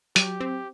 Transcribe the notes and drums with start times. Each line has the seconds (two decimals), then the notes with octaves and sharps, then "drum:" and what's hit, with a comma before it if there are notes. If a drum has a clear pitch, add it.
0.16 F#3 G4, drum: hi-hat
0.41 C4